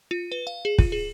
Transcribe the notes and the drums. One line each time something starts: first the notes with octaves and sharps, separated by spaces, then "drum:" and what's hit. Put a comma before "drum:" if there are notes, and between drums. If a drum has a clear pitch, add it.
F4
B4
F5
G#4
F4, drum: kick
G#4